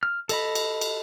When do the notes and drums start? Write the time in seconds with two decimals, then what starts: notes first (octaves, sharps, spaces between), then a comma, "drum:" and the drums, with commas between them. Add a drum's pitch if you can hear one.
0.03 F6
0.29 A4 D#5 B5, drum: cymbal
0.55 drum: cymbal
0.81 drum: cymbal